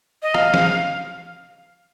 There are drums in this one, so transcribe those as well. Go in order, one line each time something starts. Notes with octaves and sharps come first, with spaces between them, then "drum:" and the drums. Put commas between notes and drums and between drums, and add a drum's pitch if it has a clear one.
D#5
F5, drum: rim click
drum: snare